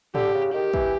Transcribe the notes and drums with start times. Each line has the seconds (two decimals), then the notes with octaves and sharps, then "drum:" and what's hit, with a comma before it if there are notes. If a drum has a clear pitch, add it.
0.15 D3 G4, drum: tom
0.34 C#3
0.54 D#3 G4
0.74 E3, drum: kick